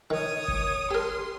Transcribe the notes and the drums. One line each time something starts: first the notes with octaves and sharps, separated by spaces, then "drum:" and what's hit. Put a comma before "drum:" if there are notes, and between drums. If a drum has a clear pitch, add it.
D#3 C#5 D#6
drum: kick
G4 A#4 C6